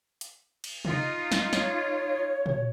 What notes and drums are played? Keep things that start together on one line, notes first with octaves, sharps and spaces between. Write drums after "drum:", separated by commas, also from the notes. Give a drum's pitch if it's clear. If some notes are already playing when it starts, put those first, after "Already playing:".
drum: hi-hat
drum: cymbal
D#4 F4, drum: tom C3
drum: snare
C#5, drum: snare
drum: tom A#2